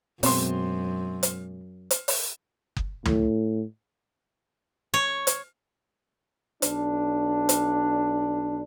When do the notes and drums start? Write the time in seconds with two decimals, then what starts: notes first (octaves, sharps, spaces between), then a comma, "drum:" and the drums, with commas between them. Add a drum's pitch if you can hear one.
0.23 F#2 B2 G#3 C4 C6, drum: open hi-hat
1.23 drum: hi-hat
1.91 drum: hi-hat
2.08 drum: open hi-hat
2.76 drum: kick F#1
3.05 A2, drum: tom
4.94 C#5
5.27 drum: hi-hat
6.62 B1 D4, drum: hi-hat
7.49 drum: hi-hat